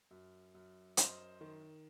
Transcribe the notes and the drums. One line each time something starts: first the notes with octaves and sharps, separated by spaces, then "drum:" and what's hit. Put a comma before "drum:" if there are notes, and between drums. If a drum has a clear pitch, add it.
F#2
F#2
F#2 C5 D#5, drum: hi-hat
D#3